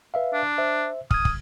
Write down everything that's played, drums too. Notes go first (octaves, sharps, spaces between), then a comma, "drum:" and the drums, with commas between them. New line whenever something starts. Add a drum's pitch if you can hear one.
B4 E5 F5
D4
C5 E5
D#6 F6 G#6, drum: kick
drum: kick